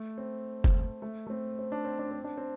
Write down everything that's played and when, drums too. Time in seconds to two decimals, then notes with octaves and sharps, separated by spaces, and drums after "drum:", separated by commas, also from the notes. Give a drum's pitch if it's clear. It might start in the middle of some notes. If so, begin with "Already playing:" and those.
Already playing: A3
0.18 C4
0.64 drum: kick F#1
1.02 A3
1.27 A3
1.30 C4
1.59 C4
1.72 D4
1.85 C4
1.99 D4
2.11 C4
2.24 D4
2.37 C4